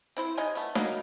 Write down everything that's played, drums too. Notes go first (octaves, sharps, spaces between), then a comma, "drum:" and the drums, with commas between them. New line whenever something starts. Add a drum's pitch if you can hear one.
C4 E4 C5
C3 D#4 D#5 G#5
A3 B3
F#3 G3 A#3 D#4, drum: snare D4